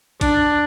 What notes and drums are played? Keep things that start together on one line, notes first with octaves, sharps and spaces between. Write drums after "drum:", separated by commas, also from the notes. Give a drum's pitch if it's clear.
D4, drum: kick A1, hi-hat